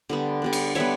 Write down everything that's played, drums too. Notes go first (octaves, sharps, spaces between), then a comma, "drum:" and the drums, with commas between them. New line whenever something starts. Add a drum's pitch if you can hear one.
D3 G3 B3
D3 G3 B3
drum: cymbal
D3 G3 B3 C#5 E5